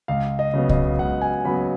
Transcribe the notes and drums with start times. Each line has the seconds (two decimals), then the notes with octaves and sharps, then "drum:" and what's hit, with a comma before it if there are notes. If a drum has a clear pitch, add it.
0.08 C#2 F5
0.39 D#5
0.54 C#3 F#3 B3
0.69 D#5, drum: kick C2
0.99 C#2 F#5
1.21 G#5
1.45 C#3 F#3 B3 B5